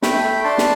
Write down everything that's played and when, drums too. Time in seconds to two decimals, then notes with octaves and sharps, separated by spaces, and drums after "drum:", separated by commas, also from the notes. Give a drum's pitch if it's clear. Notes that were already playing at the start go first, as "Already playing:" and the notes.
0.02 A3 G5 B5, drum: snare
0.24 A3
0.44 D4 A5 C6
0.58 drum: snare